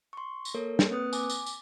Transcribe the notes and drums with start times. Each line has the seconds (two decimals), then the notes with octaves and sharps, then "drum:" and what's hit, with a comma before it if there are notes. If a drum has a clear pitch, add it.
0.13 C6 C#6
0.45 drum: tambourine
0.54 A#3 A4 A#4 C#5
0.79 drum: snare
0.90 A#3 C4 B4 D#6 F#6
1.13 G#5 D6, drum: tambourine
1.29 drum: tambourine
1.46 drum: tambourine